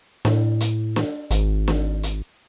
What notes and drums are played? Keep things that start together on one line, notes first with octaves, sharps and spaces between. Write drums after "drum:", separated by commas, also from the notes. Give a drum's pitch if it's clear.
A2, drum: snare
drum: hi-hat
drum: snare
G#1, drum: hi-hat
drum: snare
drum: hi-hat